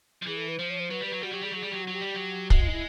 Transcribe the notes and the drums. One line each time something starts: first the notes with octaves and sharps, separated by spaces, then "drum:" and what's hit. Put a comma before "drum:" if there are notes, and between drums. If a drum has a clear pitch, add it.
F3
E3 G#4
A4
B4
F3 C5
C#5
C5
F#3 B4
G3
F#3 B4
G3 F#4
F#3 G4
G3 G#4
F#3 G#4
G3
F#3 G4
F#3 F#4
G4
G3
F#3
G#3 F#4, drum: kick
F4
D#4
E4